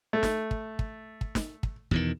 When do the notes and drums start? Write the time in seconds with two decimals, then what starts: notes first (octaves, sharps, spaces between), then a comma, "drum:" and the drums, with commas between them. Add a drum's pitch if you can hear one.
0.13 A3
0.23 drum: snare
0.51 drum: kick
0.79 drum: kick
1.21 drum: kick
1.35 drum: snare
1.63 drum: kick
1.91 E2 B2 D#3, drum: kick